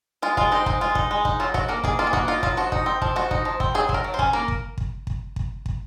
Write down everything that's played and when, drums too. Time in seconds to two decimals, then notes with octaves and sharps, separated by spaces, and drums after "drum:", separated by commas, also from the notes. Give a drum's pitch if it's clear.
0.22 G#3 F4
0.37 G#3 F4, drum: kick
0.52 C4 D#4
0.66 G#3 D#4, drum: kick
0.81 G#3 F4
0.95 D#4, drum: kick
1.11 G#3
1.25 D#4, drum: kick
1.40 F#3 F4
1.54 F#3 F#4, drum: kick
1.69 A#3 A#4
1.84 A#3 G#4, drum: kick
1.99 A#3 F4
2.07 G#4
2.13 A#3 F#4, drum: kick
2.28 D#4 F4
2.43 F#3 F4, drum: kick
2.57 F3 F#4
2.72 D#4, drum: kick
2.86 C4
3.02 F3, drum: kick
3.16 F3 F#4
3.31 D#4, drum: kick
3.45 F3
3.60 C4, drum: kick
3.75 F#3 G#4
3.89 F#3, drum: kick
3.94 A#4
4.04 F#3
4.14 C5
4.19 C#4, drum: kick
4.33 A#3 A#4
4.48 drum: kick
4.78 drum: kick
5.07 drum: kick
5.36 drum: kick
5.66 drum: kick